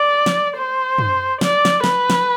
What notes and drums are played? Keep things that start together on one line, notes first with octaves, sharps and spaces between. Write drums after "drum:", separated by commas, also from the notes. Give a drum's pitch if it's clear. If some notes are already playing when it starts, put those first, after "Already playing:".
Already playing: D5
drum: snare
C5
drum: tom
D5, drum: snare
drum: snare
B4, drum: snare
drum: snare